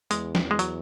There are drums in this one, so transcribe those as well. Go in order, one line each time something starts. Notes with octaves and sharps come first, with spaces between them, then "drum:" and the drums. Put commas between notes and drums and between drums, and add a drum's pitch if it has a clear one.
E2 G#3, drum: hi-hat
drum: snare
G#3
F#3, drum: hi-hat